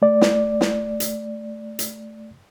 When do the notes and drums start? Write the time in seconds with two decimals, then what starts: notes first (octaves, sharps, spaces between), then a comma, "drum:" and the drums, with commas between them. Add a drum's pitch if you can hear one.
0.02 A3 D5
0.21 drum: snare
0.61 drum: snare
1.00 drum: hi-hat
1.79 drum: hi-hat